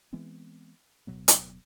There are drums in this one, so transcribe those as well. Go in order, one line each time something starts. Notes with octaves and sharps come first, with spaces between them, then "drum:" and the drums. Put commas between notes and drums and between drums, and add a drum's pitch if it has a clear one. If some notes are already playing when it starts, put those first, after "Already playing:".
E3 G#3 B3 C4
D1 B2 F#3 B3
drum: hi-hat